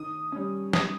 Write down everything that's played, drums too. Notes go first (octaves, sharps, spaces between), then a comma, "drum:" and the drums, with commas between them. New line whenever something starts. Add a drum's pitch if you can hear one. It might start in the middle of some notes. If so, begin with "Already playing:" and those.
Already playing: D#3 D#6
G3 C#4
D#3 D#6, drum: snare